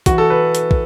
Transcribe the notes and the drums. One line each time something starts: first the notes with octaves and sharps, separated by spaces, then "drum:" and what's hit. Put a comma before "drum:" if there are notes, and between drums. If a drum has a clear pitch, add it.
E3 F#4, drum: kick, hi-hat
A4
B4
drum: hi-hat
drum: kick